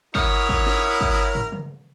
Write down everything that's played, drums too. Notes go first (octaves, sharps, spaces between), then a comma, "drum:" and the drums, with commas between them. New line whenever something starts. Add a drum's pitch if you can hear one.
E4 F#4 A#4 C#5 D#6 F6, drum: kick
drum: kick
drum: snare
drum: kick
drum: tom
drum: tom C#3